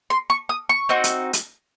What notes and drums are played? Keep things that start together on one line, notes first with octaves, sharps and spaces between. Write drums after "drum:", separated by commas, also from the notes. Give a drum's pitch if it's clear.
C6
C#6
D#6
C#6
C4 D#4 F#4
drum: hi-hat
drum: hi-hat